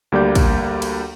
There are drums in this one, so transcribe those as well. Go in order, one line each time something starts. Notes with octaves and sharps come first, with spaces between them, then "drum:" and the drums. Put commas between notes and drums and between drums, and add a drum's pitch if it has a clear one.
D2 G3 A#3 G4 D5 G6
drum: kick, cymbal
drum: cymbal